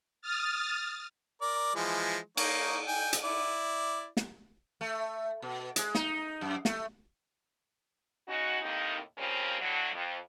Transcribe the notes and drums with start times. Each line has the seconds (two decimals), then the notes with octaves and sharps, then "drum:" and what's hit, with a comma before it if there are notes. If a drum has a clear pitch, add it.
0.22 D#6 F6 A6
1.41 A#4 D5
1.75 E3 F3 G#3
2.37 A#3 D#4 C#5, drum: cymbal
2.87 G5 G#5
3.13 drum: hi-hat
3.24 E4 D5
4.17 drum: snare
4.81 A3
5.42 B2
5.76 G#3, drum: hi-hat
5.95 D#4, drum: snare
6.41 F#2
6.65 A3, drum: snare
8.28 C#3 C#4 D#4 F#4
8.62 D#2 A2 C3 D#3 A#3 D#4
9.18 C#3 F3 G3 A#3 C4 C#4
9.60 A2 D3 F#3
9.94 F2